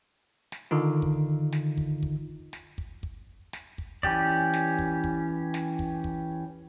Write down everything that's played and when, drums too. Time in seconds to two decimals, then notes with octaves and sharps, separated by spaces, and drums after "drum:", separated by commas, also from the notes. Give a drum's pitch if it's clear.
0.52 drum: snare
0.71 D3 D#3 D#4 F4
1.02 drum: kick
1.52 drum: snare
1.78 drum: kick
2.03 drum: kick
2.53 drum: snare
2.78 drum: kick
3.03 drum: kick
3.53 drum: snare
3.78 drum: kick
4.03 E3 C#4 G4 D5, drum: kick
4.54 drum: snare
4.79 drum: kick
5.04 drum: kick
5.54 drum: snare
5.79 drum: kick
6.04 drum: kick